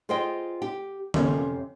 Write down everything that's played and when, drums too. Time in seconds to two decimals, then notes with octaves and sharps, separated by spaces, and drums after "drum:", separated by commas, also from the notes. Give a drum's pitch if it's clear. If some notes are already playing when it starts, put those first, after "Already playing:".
0.09 F4 G#4 C5 D#5 G5
0.62 G4
1.14 F2 C3 C#4, drum: tom D3